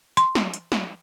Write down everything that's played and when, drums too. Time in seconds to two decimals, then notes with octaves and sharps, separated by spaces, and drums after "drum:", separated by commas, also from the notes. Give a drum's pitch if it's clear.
0.17 C6, drum: hi-hat
0.35 drum: snare
0.54 drum: hi-hat
0.72 drum: snare